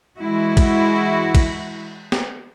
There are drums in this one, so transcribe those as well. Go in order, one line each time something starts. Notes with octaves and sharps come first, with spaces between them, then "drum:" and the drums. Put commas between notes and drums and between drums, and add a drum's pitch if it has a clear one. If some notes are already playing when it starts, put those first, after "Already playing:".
E3 G#3 E4 F#4
drum: kick, cymbal
drum: kick, cymbal
drum: snare